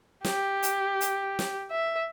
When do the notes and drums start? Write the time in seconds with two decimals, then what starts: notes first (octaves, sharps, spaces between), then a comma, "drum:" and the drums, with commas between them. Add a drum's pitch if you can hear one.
0.25 G4, drum: snare
0.63 drum: hi-hat
1.01 drum: hi-hat
1.39 drum: snare
1.71 E5